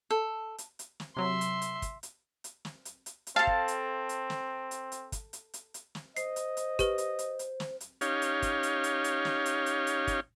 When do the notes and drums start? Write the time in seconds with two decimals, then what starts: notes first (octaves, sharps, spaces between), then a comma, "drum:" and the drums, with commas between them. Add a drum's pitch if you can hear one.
0.11 A4
0.58 drum: hi-hat
0.79 drum: hi-hat
1.00 drum: snare
1.16 C3 F#3 E5 C6
1.41 drum: hi-hat
1.62 drum: hi-hat
1.82 drum: kick, hi-hat
2.03 drum: hi-hat
2.44 drum: hi-hat
2.65 drum: snare
2.85 drum: hi-hat
3.06 drum: hi-hat
3.27 drum: hi-hat
3.36 C4 A4 F5 A5
3.47 drum: kick
3.68 drum: hi-hat
4.09 drum: hi-hat
4.30 drum: snare
4.71 drum: hi-hat
4.92 drum: hi-hat
5.12 drum: kick, hi-hat
5.33 drum: hi-hat
5.54 drum: hi-hat
5.74 drum: hi-hat
5.95 drum: snare
6.17 C5 D#5 C7, drum: hi-hat
6.36 drum: hi-hat
6.57 drum: hi-hat
6.79 G4 B4, drum: kick, hi-hat
6.98 drum: hi-hat
7.19 drum: hi-hat
7.39 drum: hi-hat
7.60 drum: snare
7.80 drum: hi-hat
8.01 C#4 D#4 G4 C#5 F5, drum: hi-hat
8.22 drum: hi-hat
8.42 drum: kick, hi-hat
8.63 drum: hi-hat
8.84 drum: hi-hat
9.04 drum: hi-hat
9.25 drum: snare
9.46 drum: hi-hat
9.66 drum: hi-hat
9.87 drum: hi-hat
10.07 drum: kick, hi-hat